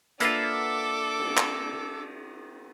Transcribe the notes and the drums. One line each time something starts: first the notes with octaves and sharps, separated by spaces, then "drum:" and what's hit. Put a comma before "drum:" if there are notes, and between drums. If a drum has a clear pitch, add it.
A#3 D4 F4 A4 B4 E5 F#5 D6, drum: hi-hat
drum: cymbal
drum: clap